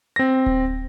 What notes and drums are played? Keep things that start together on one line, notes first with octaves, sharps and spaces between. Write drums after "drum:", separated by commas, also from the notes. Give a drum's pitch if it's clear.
C4 A#6
drum: kick D1